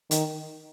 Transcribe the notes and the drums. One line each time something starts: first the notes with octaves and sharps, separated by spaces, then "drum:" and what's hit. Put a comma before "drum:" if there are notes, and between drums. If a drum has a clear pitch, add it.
D#3, drum: hi-hat